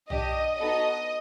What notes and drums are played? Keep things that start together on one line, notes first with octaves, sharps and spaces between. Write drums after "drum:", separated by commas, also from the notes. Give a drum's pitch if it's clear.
D4 G4 D#5, drum: tom B1
B3 D#4 F#4 A4 D#5